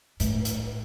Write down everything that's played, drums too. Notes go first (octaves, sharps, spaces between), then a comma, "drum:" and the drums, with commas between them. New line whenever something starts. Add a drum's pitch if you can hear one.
A2, drum: hi-hat
drum: hi-hat